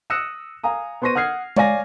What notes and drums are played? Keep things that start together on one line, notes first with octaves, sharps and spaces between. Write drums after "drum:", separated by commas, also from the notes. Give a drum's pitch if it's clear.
D#6 E6 F#6 A#6 C#7 E7
F5 G#5 A#5 D#6
B3 C5 C6 C#6 A#6 D#7
F#5 D#6 F6 G#6 C7
C#5 D5 F5 G#5 A#6, drum: tom G#3